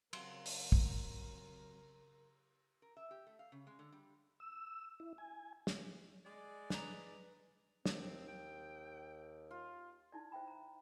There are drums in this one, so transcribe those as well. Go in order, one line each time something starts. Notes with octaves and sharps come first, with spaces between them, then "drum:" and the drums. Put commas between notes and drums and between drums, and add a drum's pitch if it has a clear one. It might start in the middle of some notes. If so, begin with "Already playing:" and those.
C#3 F#3 C4 A#4 C6, drum: cymbal
drum: open hi-hat
drum: kick
A#4
E5
G4
A3
F5
C#3
G#3
D3
G3
E6
E4
G#5
drum: snare
G#3 D5
B4 A#5, drum: snare
D#2 C4, drum: snare
G5
F4
D#4 E4 D5
C5 E5 G5 B5
A#5